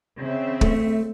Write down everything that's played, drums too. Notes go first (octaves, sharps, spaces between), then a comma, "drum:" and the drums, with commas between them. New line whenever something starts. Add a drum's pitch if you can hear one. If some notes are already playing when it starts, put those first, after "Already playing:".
C#3 C4 E5
A3, drum: kick